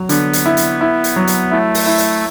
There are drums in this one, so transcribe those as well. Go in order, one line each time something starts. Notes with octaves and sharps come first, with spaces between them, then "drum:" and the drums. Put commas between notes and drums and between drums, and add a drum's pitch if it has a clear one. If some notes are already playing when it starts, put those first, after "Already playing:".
Already playing: F#3
D3 B3, drum: hi-hat
drum: hi-hat
E4
drum: hi-hat
E4
drum: hi-hat
F#3
drum: hi-hat
A3 E4
drum: open hi-hat
E4
drum: hi-hat